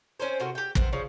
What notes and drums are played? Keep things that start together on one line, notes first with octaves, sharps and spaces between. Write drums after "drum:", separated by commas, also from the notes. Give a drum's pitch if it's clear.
C4 C#4 A#4 C5
A2 C3 F#4 A#4
G4 G5
B3 C4 A#4, drum: kick
C#3 F3 G3